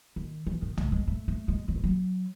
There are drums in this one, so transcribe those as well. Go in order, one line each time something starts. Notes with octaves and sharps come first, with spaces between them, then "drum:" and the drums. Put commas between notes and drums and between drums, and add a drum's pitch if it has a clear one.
D#3
E3
D#3
A3, drum: tom B1
G#3
A3
A3
G#3
F#3
E3
F#3